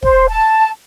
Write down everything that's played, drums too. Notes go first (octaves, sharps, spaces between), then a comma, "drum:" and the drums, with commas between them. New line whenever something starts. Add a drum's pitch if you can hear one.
C5, drum: kick
A5